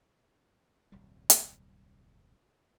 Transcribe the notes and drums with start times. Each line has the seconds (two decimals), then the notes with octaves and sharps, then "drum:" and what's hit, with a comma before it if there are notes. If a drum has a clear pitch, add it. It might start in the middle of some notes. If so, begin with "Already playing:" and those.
0.92 D#1 C2 F#2 G3
1.30 drum: hi-hat